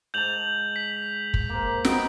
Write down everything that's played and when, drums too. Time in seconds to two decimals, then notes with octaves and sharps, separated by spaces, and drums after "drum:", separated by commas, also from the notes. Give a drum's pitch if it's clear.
0.14 G#2 A5 G6 F7 F#7
0.76 B6
1.34 drum: kick
1.49 A#3 C5
1.85 B3 C4 D#4 D7, drum: snare